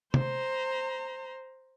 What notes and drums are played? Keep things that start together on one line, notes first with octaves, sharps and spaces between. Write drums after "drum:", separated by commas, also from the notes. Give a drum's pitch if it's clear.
C5 A#5, drum: tom